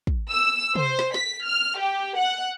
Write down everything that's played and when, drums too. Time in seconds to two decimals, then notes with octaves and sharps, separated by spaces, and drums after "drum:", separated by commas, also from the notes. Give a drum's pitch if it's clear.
0.07 drum: kick
0.29 E6
0.75 C5, drum: tom C3
0.99 drum: snare
1.14 B6, drum: snare
1.46 F6
1.79 G4
2.18 F#5